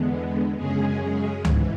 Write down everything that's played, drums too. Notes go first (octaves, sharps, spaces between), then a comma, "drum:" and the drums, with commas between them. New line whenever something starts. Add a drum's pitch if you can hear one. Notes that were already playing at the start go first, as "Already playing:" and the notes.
Already playing: E2 D3 G#3 B3
F#2 C#3 G#3 C#4 G#4
G#2 E3, drum: tom C#2